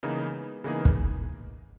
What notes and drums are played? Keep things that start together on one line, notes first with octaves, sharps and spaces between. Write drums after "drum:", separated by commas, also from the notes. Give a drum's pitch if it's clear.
C#3 E3 G#3 A#3 B3 D#4 G#4
C#3 E3 G#3 A#3 B3 D#4 G#4
drum: kick